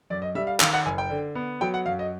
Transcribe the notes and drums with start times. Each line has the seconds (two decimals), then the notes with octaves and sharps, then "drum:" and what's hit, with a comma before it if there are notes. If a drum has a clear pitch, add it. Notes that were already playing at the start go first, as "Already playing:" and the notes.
0.10 F#2 D5
0.22 D#5
0.35 G3 E5
0.47 F5
0.60 D#3 F5, drum: clap
0.73 F#5
0.86 F#1 G#5
0.98 G5
1.10 D3
1.35 B3
1.61 F#3 G5
1.74 F#5
1.86 F#2 F5
1.99 D#5